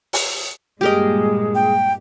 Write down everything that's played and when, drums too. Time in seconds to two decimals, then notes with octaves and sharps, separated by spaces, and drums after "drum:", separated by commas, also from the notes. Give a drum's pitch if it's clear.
0.13 drum: open hi-hat
0.81 G2 A#2 G#3 G4 G#4 A#4 D#5
1.55 G5